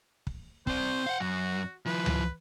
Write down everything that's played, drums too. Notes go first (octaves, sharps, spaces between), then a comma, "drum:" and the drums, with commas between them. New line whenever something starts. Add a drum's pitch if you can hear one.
drum: kick
C4 C5 D5, drum: kick
F5 F#5
F#2 F#4
F3 E4 B4
drum: tom C#2